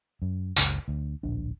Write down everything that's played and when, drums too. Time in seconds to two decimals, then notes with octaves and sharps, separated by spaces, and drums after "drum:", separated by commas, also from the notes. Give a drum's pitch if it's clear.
0.22 F#2
0.57 F#1 C#2, drum: tambourine
0.88 D2
1.23 D1 A#1 D4